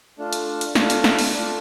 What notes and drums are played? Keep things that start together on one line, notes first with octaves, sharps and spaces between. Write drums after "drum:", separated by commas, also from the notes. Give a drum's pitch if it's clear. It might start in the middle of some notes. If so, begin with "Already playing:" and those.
A3 D4 F4
drum: hi-hat
drum: hi-hat
A3 D4 F4, drum: snare
drum: hi-hat
drum: snare
drum: open hi-hat
A3 D4 F4